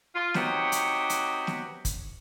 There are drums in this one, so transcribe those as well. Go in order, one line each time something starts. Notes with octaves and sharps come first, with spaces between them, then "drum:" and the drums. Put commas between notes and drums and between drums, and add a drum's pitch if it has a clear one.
F4
C3 D#4 F#4 G4 B4 C#5, drum: snare
drum: hi-hat
drum: hi-hat
drum: snare
drum: kick, hi-hat